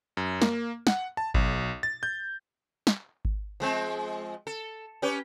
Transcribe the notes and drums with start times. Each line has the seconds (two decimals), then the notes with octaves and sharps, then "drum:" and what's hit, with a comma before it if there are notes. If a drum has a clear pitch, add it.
0.17 F#2
0.42 A#3, drum: snare
0.87 F#5, drum: snare
1.17 A5
1.34 B1, drum: kick G#1
1.83 A6
2.03 G6
2.87 drum: snare
3.25 drum: kick G#1
3.60 F3 G#3 C4
4.47 A4
5.02 C#4 G4 B4